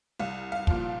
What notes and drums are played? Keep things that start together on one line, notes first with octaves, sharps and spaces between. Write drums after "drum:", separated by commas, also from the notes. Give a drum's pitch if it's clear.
C2 F5
F5
A#2 F3, drum: kick